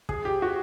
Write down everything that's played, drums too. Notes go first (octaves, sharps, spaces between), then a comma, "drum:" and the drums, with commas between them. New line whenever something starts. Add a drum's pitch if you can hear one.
G#4, drum: kick
G4
F#4